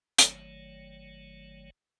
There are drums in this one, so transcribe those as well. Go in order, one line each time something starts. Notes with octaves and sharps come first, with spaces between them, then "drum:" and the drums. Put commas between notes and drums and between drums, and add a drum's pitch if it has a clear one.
G1 D#3 F#3 A3 C#5, drum: hi-hat